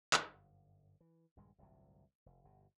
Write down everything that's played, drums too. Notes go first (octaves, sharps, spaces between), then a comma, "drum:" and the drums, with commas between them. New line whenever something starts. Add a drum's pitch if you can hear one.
G1 F#2, drum: clap
E3
A#1 G2 D#3 G#3
G1 C2 A2 F#3
F1
G1 B2